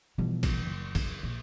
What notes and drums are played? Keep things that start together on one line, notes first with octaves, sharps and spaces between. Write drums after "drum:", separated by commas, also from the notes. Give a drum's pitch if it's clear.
B2 E3 F3 G3
drum: kick, cymbal
F#1
C#3, drum: kick, cymbal
A#1